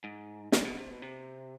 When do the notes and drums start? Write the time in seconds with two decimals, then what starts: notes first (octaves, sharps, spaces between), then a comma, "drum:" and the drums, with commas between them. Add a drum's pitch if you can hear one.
0.04 G#2
0.52 G#2, drum: snare
0.65 B2
0.77 C3
0.91 B2
1.02 C3